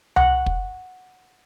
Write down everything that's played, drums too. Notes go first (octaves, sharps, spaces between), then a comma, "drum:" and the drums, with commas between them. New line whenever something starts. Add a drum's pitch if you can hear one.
F#5, drum: tom C2
drum: kick